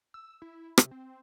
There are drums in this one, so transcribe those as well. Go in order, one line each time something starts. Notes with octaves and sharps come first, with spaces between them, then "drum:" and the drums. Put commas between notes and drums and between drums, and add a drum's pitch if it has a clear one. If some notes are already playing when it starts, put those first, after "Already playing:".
E6
E4
C3, drum: rim click
C4